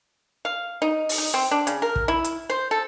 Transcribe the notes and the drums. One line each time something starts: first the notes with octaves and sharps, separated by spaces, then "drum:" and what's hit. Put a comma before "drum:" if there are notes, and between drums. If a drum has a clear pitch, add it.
F5
D#4
drum: open hi-hat
D#4
C4
D4
C#3, drum: hi-hat
A#4
drum: kick
E4
drum: hi-hat
C5
A4